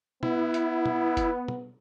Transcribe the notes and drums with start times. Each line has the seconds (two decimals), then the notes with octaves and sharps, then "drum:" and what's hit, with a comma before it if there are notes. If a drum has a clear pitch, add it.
0.23 B3 E4, drum: tom
0.54 drum: hi-hat
0.86 drum: tom
1.17 drum: kick F#1, hi-hat
1.48 drum: tom